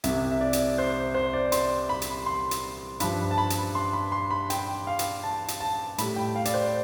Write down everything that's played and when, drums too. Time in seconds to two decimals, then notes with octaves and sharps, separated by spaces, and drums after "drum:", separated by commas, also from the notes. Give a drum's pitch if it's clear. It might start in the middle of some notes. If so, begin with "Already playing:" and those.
0.04 C2 C3 G3 E5, drum: hi-hat
0.31 E5
0.41 D5
0.53 drum: hi-hat
0.78 C5
1.14 C5
1.33 D5
1.52 C6, drum: hi-hat
1.89 B5
2.02 drum: hi-hat
2.26 C6
2.51 drum: hi-hat
3.00 G2 F3 B5, drum: hi-hat
3.31 A5
3.38 B5
3.50 drum: hi-hat
3.75 C6
3.93 B5
4.12 C6
4.31 B5
4.50 G5, drum: hi-hat
4.87 F5
4.99 drum: hi-hat
5.24 A5
5.48 drum: hi-hat
5.60 A5
5.98 A2 G3 B5, drum: hi-hat
6.16 G5
6.36 F5
6.45 D5, drum: hi-hat
6.54 C5